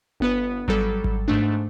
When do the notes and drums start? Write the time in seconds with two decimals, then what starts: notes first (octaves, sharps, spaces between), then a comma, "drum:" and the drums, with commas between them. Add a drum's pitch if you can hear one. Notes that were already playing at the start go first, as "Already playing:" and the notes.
0.20 G1 B3 B4
0.68 F#3 G3 A4, drum: kick G#1
1.04 drum: kick G#1
1.28 G#2 A3 D4